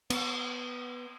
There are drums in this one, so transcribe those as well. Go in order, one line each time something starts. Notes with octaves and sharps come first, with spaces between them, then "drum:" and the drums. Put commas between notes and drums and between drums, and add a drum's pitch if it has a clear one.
B3, drum: cymbal